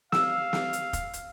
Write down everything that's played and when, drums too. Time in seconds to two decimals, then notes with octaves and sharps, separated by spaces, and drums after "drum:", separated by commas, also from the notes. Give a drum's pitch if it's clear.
0.12 F5 E6, drum: snare
0.53 drum: snare
0.73 drum: hi-hat
0.93 drum: kick, hi-hat
1.13 drum: hi-hat